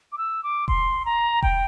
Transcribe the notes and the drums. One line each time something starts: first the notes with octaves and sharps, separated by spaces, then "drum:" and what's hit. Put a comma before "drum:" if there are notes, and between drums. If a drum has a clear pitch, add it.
D6
E6
D6
C6, drum: kick E1
A#5
G5, drum: kick E1